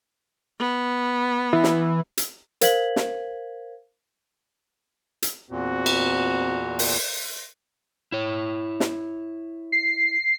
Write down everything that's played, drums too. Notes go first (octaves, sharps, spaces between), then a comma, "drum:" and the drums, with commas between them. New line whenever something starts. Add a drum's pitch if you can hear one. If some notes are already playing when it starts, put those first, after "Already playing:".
B3
E3
drum: snare
drum: hi-hat
A#4 C5 F5 G#6 B6 F#7, drum: hi-hat
drum: snare
drum: hi-hat
E2 A#2 C4 F#4
drum: cymbal
drum: open hi-hat
E4 C#5
drum: snare
C7